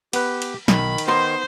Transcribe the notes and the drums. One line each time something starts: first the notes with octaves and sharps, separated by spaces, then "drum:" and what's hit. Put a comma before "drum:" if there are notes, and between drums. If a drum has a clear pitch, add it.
B3 G4 B4, drum: cymbal
drum: cymbal
B1 D#3 B5, drum: snare
drum: cymbal
B3 D#4 C5 C6